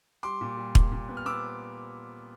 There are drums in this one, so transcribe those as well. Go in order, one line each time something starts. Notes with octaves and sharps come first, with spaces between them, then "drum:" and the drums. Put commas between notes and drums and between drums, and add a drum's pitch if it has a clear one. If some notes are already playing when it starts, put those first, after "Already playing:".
G3 C6 D6
A#2
G3
A#2, drum: kick
A#2
B3
F6
B3 D6 E6